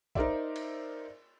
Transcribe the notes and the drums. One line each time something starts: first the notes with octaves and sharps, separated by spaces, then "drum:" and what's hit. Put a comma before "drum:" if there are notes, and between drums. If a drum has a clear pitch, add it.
D#4 A#4 C5 D5 E5, drum: kick
drum: cymbal